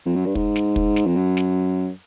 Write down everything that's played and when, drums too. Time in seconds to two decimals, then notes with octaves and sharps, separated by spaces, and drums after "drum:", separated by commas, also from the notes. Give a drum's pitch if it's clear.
0.06 F2
0.16 F#2
0.26 G2
0.35 G#2, drum: kick
0.56 drum: snare
0.76 drum: kick
0.96 drum: snare
1.06 F2
1.16 F#2
1.37 drum: snare